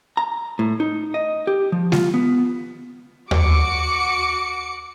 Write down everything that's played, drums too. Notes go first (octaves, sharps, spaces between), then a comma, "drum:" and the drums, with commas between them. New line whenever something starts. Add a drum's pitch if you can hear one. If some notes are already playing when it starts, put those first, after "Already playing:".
A#5
A2
D#4
D#5
G4
F3
F4, drum: snare G#3
B3
F#4 D6 C#7, drum: tom D#2